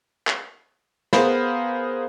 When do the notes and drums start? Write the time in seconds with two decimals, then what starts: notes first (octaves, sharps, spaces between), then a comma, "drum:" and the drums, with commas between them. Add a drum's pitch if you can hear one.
0.27 drum: clap
1.13 B3 G#4 A#4 C5 F5 B5, drum: snare